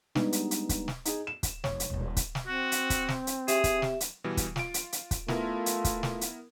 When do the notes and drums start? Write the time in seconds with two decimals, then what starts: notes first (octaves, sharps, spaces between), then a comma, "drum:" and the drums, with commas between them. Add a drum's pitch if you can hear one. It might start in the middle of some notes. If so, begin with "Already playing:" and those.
0.15 G3 G#3 B3 D4 D#4, drum: snare
0.33 drum: hi-hat
0.51 drum: hi-hat
0.69 drum: kick, hi-hat
0.88 drum: snare
1.05 D#4 G#4, drum: hi-hat
1.27 E7
1.43 drum: kick, hi-hat
1.64 F1 C#5 C#6, drum: snare
1.80 drum: hi-hat
1.90 D#1 A#2
2.17 drum: kick, hi-hat
2.35 drum: snare
2.47 C4 F#4
2.72 drum: hi-hat
2.90 drum: kick, hi-hat
3.09 drum: snare
3.27 drum: hi-hat
3.48 G4 G#4 E5 E7, drum: hi-hat
3.64 drum: kick, hi-hat
3.82 drum: snare
4.01 drum: hi-hat
4.24 B2 E3 G3
4.37 drum: kick, hi-hat
4.56 F4 D7, drum: snare
4.74 drum: hi-hat
4.92 drum: hi-hat
5.11 drum: kick, hi-hat
5.28 A3 B3 E4 F4 A#4, drum: snare
5.66 drum: hi-hat
5.84 drum: kick, hi-hat
6.03 drum: snare
6.21 drum: hi-hat